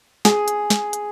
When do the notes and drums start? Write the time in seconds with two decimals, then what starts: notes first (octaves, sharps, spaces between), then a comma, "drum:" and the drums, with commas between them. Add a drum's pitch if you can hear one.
0.25 G#4, drum: snare
0.48 drum: hi-hat
0.70 drum: snare
0.93 drum: hi-hat